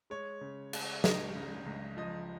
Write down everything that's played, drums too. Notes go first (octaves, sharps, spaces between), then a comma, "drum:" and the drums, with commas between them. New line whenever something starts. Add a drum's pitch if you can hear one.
G#3 C#5
C#3
G#3, drum: cymbal
C#2 D#5, drum: snare
C#3
C#2
F3 D#5